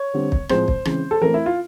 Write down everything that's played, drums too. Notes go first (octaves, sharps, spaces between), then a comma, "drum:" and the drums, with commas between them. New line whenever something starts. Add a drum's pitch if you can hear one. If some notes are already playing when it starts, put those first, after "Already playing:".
Already playing: C#5
D3 G3 C4
drum: kick
A2 F3 G#3 C4 C5, drum: rim click
drum: kick
C#3 E3 G#3 C4, drum: rim click
A4
E3 A3 C4 A#4
E4
F4